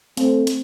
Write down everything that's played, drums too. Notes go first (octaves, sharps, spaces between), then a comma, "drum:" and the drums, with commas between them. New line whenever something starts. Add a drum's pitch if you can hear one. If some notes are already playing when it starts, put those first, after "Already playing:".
A3 C4, drum: hi-hat
drum: hi-hat